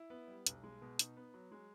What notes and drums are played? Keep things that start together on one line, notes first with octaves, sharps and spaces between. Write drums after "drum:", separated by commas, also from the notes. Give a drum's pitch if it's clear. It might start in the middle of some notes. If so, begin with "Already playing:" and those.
Already playing: E4
B3
G3
B1, drum: hi-hat
G#3
B2
D#4, drum: hi-hat
B3
F#3
G#3